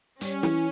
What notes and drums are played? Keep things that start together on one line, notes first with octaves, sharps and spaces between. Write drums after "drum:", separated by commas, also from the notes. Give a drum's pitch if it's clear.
G3 C#4, drum: hi-hat
E3, drum: snare